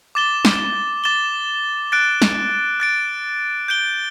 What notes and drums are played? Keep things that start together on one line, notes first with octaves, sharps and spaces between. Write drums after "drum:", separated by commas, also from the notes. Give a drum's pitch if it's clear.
D6 A6 E7 G7
drum: snare
D6 A6 E7 G7
F#6 A6 D7
drum: snare
F#6 A6 D7
G6 D7 G7